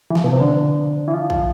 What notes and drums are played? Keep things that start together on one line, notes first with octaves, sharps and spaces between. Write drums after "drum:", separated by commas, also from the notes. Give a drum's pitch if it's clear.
E3
F3, drum: snare
B2
C3
D3
E3
F3
F3, drum: kick A#1